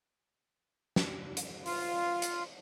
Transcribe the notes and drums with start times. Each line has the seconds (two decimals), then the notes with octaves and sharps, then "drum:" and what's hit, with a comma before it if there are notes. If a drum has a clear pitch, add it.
0.96 drum: snare
1.37 drum: hi-hat
1.66 F4, drum: open hi-hat
2.22 drum: hi-hat